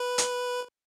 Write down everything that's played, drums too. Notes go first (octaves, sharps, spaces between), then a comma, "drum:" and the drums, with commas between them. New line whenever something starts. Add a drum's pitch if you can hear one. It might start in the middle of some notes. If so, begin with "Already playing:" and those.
Already playing: B4
drum: hi-hat